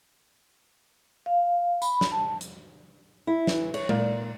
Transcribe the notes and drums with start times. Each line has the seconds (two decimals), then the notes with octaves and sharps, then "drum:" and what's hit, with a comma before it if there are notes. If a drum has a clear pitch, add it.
1.26 F5
1.82 B5, drum: tambourine
2.01 drum: snare
2.12 A5
2.41 drum: hi-hat
3.27 E4
3.47 E3, drum: snare
3.74 C#5, drum: cymbal
3.89 A#2, drum: tom G#3